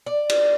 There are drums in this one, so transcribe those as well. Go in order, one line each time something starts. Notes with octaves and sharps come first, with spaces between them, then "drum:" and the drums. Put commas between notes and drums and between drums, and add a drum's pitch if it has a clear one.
D5
drum: cymbal